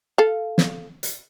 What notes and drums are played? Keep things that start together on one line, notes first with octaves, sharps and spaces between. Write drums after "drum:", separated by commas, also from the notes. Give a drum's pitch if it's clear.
A4 F5
drum: snare
drum: hi-hat